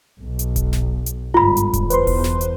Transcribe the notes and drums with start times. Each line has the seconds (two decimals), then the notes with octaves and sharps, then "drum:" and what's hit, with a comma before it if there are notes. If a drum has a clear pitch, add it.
0.21 B1
0.39 drum: hi-hat
0.56 drum: kick E1, hi-hat
0.73 drum: snare
1.06 drum: hi-hat
1.34 G1 G#2 F4 B5
1.57 drum: hi-hat
1.73 drum: kick E1, hi-hat
1.90 E2 B4 C5 C6, drum: hi-hat
2.07 drum: kick E1, open hi-hat
2.24 drum: snare
2.41 drum: hi-hat